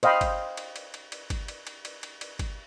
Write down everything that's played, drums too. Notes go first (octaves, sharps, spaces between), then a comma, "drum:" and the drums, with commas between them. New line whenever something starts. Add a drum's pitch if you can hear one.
C5 D#5 F5 G5 B5, drum: cymbal
drum: kick G1, cymbal
drum: cymbal
drum: cymbal
drum: cymbal
drum: cymbal
drum: kick G1, cymbal
drum: cymbal
drum: cymbal
drum: cymbal
drum: cymbal
drum: cymbal
drum: kick G1, cymbal